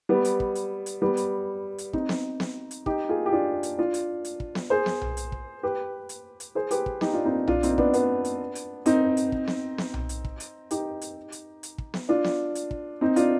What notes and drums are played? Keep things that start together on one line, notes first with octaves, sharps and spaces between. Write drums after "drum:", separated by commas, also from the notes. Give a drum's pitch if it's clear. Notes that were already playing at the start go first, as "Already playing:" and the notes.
G3 B3
drum: hi-hat
drum: kick
drum: hi-hat
drum: hi-hat
G3 B3
drum: hi-hat
drum: hi-hat
C4 D#4, drum: kick
drum: snare B3
drum: snare B3
drum: hi-hat
D#4 G4, drum: kick
F4 G#4
G4
D4 F4
drum: hi-hat
D4 F4
drum: hi-hat
drum: hi-hat
drum: kick
drum: snare B3
G#4 C5
drum: snare B3
drum: tom B1
drum: hi-hat
drum: kick
G4 B4
drum: hi-hat
drum: hi-hat
G#4 C5
G4 B4, drum: hi-hat
drum: kick
D#4 G4, drum: snare B3
D4 F4
C4 D#4
D4 F4, drum: tom B1
C4 D#4, drum: hi-hat
B3 D4, drum: kick
B3 D4, drum: hi-hat
drum: hi-hat
drum: hi-hat
C4 D#4, drum: hi-hat
drum: hi-hat
drum: kick
drum: snare B3
drum: snare B3
drum: tom B1
drum: hi-hat
drum: kick
drum: hi-hat
D#4 G4, drum: hi-hat
drum: hi-hat
drum: hi-hat
drum: hi-hat
drum: kick
drum: snare B3
D4 F4
drum: snare B3
drum: hi-hat
drum: kick
C4 D#4
D4 F4, drum: hi-hat